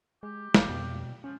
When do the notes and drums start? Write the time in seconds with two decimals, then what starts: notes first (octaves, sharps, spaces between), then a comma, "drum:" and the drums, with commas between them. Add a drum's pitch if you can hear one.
0.23 G#3 G4
0.54 F#1 G3 F5, drum: snare
0.69 F2 B2
1.24 F3 C#4